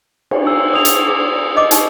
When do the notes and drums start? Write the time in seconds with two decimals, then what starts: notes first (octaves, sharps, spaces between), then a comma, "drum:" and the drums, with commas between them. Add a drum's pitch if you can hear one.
0.31 drum: cymbal
0.47 E6
0.74 D#6 F7
0.85 drum: hi-hat
1.07 G#4
1.57 D#5 D6
1.71 D#4 G4 G#5, drum: hi-hat